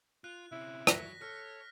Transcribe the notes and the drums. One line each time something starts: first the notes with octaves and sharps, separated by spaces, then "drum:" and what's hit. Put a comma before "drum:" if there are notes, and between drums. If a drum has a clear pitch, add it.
F4 F#6
C3 C#4 E4
F#3 F#6 A#6 B6, drum: rim click
A4 C#5 F6